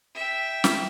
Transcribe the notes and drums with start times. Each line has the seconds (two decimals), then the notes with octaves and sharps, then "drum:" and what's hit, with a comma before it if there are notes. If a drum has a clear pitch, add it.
0.15 E5 G5
0.64 drum: snare